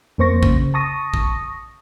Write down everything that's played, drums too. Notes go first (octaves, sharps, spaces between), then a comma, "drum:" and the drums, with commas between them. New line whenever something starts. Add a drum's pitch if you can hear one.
F2 A#3 C5 C#6 A#6
C#3, drum: kick
A5 C#6 D#6 A#6
drum: kick